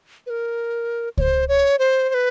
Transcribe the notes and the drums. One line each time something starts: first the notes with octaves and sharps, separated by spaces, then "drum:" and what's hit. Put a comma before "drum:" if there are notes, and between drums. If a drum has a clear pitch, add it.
B4
A#4
C#5, drum: kick C#2
C5
C#5
C5
C5
B4